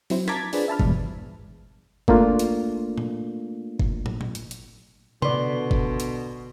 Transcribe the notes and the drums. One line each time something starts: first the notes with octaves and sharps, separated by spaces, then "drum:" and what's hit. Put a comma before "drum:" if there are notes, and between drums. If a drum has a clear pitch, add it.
F#3 C4 E4 C5, drum: open hi-hat
A5 A#5 D6 G#6 A6 B6, drum: snare
D4 F4 G#4 B4 C5 D5, drum: open hi-hat
E5 A5 B5 F6
E2 G2 B2 G#3, drum: kick G1
A3 A#3 D4 F4, drum: kick G1
drum: hi-hat
drum: tom A#2
drum: kick G1
drum: tom
drum: tom A#2
drum: hi-hat
drum: hi-hat
B2 D3 B4 D5 C6, drum: tom C3
drum: kick G1
drum: hi-hat